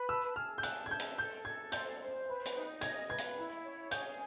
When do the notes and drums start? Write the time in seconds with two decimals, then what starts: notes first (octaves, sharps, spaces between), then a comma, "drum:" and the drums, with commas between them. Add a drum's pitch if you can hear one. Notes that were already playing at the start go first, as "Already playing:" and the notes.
Already playing: B4
0.08 A5 E6
0.36 G#4 F6
0.58 G6
0.63 A5 F#6, drum: hi-hat
0.86 G#6
0.90 A5 G6
1.00 drum: hi-hat
1.18 A4 G6
1.45 A4 G#6
1.72 C5 G6, drum: hi-hat
1.99 C5
2.27 B4
2.45 drum: hi-hat
2.55 D#4
2.81 D#5 G#6, drum: hi-hat
3.09 B4 G#6
3.18 drum: hi-hat
3.37 E4
3.64 C#5
3.91 G#4 G6, drum: hi-hat